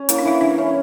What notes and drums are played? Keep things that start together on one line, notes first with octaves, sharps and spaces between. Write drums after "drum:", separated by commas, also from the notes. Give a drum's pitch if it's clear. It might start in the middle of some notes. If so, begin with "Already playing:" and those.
Already playing: C#4
A#3 E4, drum: hi-hat
D4
E3 E4
E3 D4
C#4